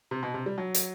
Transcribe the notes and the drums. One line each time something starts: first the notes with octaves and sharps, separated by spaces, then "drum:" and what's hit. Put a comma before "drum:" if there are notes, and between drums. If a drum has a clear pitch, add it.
C3
B2
C3
G3
F#3
drum: hi-hat